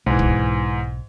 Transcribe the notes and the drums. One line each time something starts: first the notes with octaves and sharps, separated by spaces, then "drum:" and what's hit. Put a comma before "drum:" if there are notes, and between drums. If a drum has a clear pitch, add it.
B1 G#2 E3
drum: kick